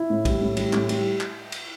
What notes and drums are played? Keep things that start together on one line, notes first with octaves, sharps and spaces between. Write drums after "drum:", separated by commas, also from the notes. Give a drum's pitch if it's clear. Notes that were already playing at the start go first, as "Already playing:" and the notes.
Already playing: E4
A2
G3, drum: kick, cymbal
A2
G3, drum: cymbal
A2, drum: clap
G3, drum: cymbal
drum: clap
drum: cymbal